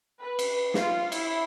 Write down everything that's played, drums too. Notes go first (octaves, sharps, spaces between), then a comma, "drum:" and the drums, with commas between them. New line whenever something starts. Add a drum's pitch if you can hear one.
B4
drum: cymbal
F4, drum: snare
E4, drum: cymbal